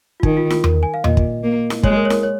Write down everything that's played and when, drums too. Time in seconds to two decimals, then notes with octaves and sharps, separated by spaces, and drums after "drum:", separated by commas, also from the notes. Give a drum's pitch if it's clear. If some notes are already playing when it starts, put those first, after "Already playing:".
0.20 F4
0.23 D#3 D#4, drum: kick
0.37 F4
0.50 F4, drum: snare E4
0.64 A#4, drum: tom E2
0.83 G#5
0.94 F5
1.04 A#2 D#5, drum: tom E2
1.17 drum: kick
1.43 A#3
1.70 drum: snare E4
1.83 G#3 C#5, drum: kick
1.96 A#4
2.05 C#5
2.10 A#4, drum: snare E4
2.23 C#5